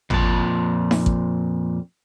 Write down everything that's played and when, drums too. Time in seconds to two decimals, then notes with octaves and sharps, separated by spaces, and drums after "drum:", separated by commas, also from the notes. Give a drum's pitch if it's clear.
0.10 F2 A#2 A5, drum: tom G#1
0.91 drum: snare D#4
1.06 drum: kick